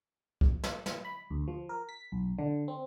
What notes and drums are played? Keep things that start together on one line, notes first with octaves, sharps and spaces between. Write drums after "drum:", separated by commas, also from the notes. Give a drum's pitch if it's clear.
drum: kick
drum: snare
drum: snare
B5
D2
F3
A#4
B6
B1
D3
C4